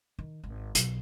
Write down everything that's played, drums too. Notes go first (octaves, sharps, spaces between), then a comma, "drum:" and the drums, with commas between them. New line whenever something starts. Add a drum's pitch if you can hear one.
D#3
G#1
B1, drum: hi-hat